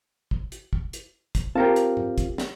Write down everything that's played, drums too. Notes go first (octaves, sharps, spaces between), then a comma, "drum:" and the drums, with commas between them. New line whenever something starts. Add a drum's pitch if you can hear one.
drum: kick
drum: hi-hat
drum: kick
drum: hi-hat
drum: kick, hi-hat
C4 F4 G4 A#4 F5 A5
drum: hi-hat
drum: tom G#2
drum: kick, hi-hat
drum: snare